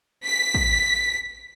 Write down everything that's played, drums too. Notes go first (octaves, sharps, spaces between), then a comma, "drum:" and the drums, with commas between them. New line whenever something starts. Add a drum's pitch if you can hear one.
B6
drum: kick